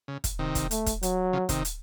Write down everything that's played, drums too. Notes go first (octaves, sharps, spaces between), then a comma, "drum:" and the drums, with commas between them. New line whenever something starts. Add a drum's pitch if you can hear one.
C#3
drum: kick, hi-hat
C3 D#3
drum: kick, hi-hat
A3, drum: hi-hat
drum: kick, hi-hat
F#3, drum: hi-hat
C#3 F3
C3 D#3, drum: kick, hi-hat
drum: hi-hat